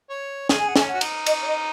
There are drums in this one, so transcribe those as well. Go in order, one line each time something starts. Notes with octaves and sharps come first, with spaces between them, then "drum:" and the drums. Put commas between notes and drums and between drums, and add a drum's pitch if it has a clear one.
C#5
G#4, drum: snare
G#5
F#5
C#4 G#5, drum: snare
F#5
F#4
D#4, drum: cymbal
D#5, drum: cymbal
C#5
D#5